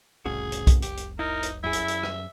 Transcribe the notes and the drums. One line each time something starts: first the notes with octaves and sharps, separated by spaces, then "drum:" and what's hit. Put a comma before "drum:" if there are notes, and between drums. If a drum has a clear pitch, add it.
F1 C2 A2 C#3 F#4 G#4
drum: hi-hat
drum: kick B1, hi-hat
G4, drum: hi-hat
drum: hi-hat
D#4 E4 A#4
drum: hi-hat
F#2 E4 G#4 E5
drum: hi-hat
drum: hi-hat
drum: rim click